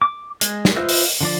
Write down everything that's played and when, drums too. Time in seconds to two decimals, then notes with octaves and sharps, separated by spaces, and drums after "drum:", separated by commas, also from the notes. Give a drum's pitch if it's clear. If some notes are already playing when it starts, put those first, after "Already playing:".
0.02 D6
0.41 G#3, drum: hi-hat
0.65 drum: snare
0.76 F4 B4 C5 D#5 E5
0.89 drum: open hi-hat
1.21 D3 F3 D5